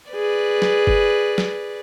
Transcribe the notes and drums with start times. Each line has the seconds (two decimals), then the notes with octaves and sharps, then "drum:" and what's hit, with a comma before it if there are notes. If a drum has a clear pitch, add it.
0.11 G#4 B4 D5
0.62 drum: snare
0.87 drum: kick
1.38 drum: snare